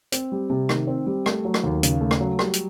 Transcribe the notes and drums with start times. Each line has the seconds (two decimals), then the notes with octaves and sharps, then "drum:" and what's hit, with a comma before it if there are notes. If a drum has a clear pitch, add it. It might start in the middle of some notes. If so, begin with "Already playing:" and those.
0.12 C4, drum: hi-hat
0.32 G3
0.50 C3
0.69 D#3, drum: rim click
0.87 C4
1.06 G3
1.26 A3, drum: rim click
1.45 F#3
1.54 drum: rim click
1.64 D#2
1.83 C#3, drum: hi-hat
2.01 A3
2.11 drum: rim click
2.21 F#3
2.39 G3, drum: rim click
2.53 drum: hi-hat